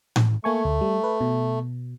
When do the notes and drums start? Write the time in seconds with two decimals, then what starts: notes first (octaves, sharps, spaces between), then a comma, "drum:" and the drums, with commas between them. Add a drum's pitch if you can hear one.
0.16 drum: tom A2
0.44 A3 A#3 G#5 C#6
0.65 D2
0.81 G3
1.04 B4
1.21 B2